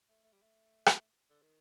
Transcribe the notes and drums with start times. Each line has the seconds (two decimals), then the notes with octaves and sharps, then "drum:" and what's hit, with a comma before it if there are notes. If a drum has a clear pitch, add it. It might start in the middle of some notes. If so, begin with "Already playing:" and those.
0.09 A3
0.24 A3
0.33 G3
0.42 A3
0.86 drum: rim click
1.30 D3
1.42 D#3